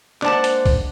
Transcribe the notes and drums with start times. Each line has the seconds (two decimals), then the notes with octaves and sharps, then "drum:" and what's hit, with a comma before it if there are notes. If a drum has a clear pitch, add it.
0.22 G#3 A#3 D4 C5 D5 F#5 A5, drum: clap
0.44 drum: hi-hat
0.66 drum: kick, open hi-hat